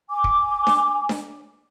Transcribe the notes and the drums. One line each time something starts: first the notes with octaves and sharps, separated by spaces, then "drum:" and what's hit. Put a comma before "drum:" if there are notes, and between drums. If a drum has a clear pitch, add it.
G#5 D6
drum: kick
drum: snare D4
drum: snare D4